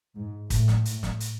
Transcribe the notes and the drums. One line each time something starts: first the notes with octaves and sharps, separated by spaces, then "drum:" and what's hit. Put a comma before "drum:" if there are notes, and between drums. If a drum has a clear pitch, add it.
G#2
A2, drum: kick, hi-hat
drum: snare
drum: hi-hat
drum: snare
drum: hi-hat